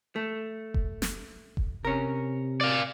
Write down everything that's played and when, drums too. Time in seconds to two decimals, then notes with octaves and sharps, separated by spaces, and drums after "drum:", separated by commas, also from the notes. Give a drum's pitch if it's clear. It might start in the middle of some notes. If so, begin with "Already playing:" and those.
0.16 A3
0.74 drum: kick F1
1.02 drum: snare
1.57 drum: kick F1
1.85 C3 C#4 A#4
2.61 D5 F5